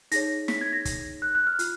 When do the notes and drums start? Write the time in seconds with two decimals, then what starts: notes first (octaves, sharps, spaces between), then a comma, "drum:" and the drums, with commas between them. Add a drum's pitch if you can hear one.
0.11 D#4 G#4 C#5 A#6, drum: hi-hat
0.48 B6, drum: snare
0.61 G#6
0.73 A#6
0.85 drum: kick, hi-hat
1.22 F#6
1.35 F#6
1.47 F6
1.59 F4, drum: hi-hat